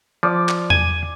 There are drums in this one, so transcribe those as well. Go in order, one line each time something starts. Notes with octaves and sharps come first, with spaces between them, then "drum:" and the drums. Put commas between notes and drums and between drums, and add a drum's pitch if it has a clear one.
F3 D5
drum: clap
G#5, drum: tom E2